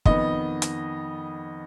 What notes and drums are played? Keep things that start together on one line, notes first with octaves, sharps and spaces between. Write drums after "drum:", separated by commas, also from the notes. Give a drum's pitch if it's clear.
F2 D#3 B3 D#5, drum: kick
drum: hi-hat